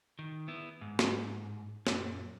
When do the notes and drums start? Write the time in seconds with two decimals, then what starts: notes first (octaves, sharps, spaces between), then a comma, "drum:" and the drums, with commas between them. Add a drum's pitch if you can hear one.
0.19 D#3
0.48 B3 E4
0.81 G#2
0.99 drum: snare
1.87 F#2 A#2, drum: snare